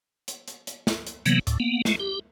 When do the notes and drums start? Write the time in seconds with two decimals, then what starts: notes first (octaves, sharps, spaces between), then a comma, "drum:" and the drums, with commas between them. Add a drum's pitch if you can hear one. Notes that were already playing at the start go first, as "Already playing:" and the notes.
0.28 drum: hi-hat
0.48 drum: hi-hat
0.67 drum: hi-hat
0.87 drum: snare
1.07 drum: hi-hat
1.26 C3 E3 F#3 A#3 B3, drum: hi-hat
1.47 D2 A2, drum: hi-hat
1.60 A#3 B3
1.85 G#3 A3, drum: snare
2.00 G4